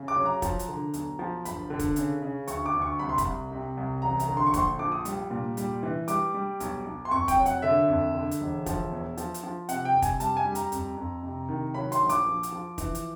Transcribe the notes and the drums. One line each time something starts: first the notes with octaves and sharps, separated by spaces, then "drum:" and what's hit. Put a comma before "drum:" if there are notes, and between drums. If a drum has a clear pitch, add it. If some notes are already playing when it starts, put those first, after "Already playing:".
Already playing: C#3
D6
F#3
A#5
F3, drum: kick, hi-hat
drum: hi-hat
D3
B1, drum: hi-hat
F3
G1 B5, drum: hi-hat
D3
drum: kick, hi-hat
C#3, drum: hi-hat
C#3
D2 C#6, drum: hi-hat
D6
D2
C#6
C2 B5
C6
B5, drum: kick, hi-hat
C2
C3
C2
A1 A#5
A#5, drum: hi-hat
D3
C6
C#6
A#1 C6, drum: kick, hi-hat
F3 D6
D#6
G3, drum: hi-hat
A#2
G3, drum: hi-hat
E3
G3 D6, drum: hi-hat
G3
B1, drum: hi-hat
B1
C6
F2 C#6
G5, drum: kick, hi-hat
F#3
F#5, drum: hi-hat
D3 E5
F2
D3
drum: hi-hat
E1
F3, drum: kick, hi-hat
E2
F3, drum: hi-hat
drum: hi-hat
F3
C3 F#5, drum: hi-hat
G5
F2
G#5, drum: kick, hi-hat
G3 A5, drum: hi-hat
G#5
G3
A#5, drum: hi-hat
F2, drum: hi-hat
F2
C3
D#3
F#3 B5
C6, drum: hi-hat
A#1
D6, drum: hi-hat
F3
drum: hi-hat
F3
E3, drum: kick, hi-hat
drum: hi-hat